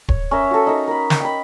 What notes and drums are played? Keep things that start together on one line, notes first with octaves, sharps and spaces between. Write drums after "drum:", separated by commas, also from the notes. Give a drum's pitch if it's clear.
C#5, drum: kick D1
C#4 A#4 E5
F#4 A4
D#4 A#4
A#4 B5
drum: snare
G5 B5